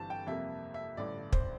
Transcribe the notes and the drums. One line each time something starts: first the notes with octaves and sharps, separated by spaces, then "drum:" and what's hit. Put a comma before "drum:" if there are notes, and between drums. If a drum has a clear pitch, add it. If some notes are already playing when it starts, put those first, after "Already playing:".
Already playing: G1 G2 E3 G3 C4 A5
G5
F2 C3 G3 A#3 E5
E5
A1 G2 D3 D5
C5, drum: kick